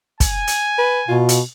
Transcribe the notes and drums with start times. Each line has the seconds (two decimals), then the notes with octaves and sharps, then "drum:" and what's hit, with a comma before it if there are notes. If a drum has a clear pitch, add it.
0.20 G#5, drum: kick, hi-hat
0.47 drum: hi-hat
0.78 B4
1.08 B2 F4
1.29 drum: hi-hat